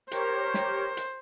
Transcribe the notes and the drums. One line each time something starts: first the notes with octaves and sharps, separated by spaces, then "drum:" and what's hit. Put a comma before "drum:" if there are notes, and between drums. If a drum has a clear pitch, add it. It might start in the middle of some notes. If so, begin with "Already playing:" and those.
G4 A#4 C5 C#5, drum: hi-hat
drum: snare
drum: hi-hat